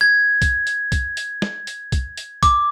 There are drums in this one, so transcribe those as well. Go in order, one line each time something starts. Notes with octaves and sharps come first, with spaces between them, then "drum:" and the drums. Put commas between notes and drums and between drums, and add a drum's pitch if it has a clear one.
G#6
drum: kick, hi-hat
drum: hi-hat
drum: kick, hi-hat
drum: hi-hat
drum: snare
drum: hi-hat
drum: kick, hi-hat
drum: hi-hat
D6, drum: kick, hi-hat